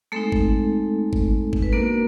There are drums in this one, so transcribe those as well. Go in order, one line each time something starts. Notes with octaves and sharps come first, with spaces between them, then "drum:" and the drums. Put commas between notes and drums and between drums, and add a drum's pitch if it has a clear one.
G#3 A3 C4 D#4 A4
drum: kick G1
drum: kick G1
drum: kick G1
B4
A#3 B3 D4 F#4 A#4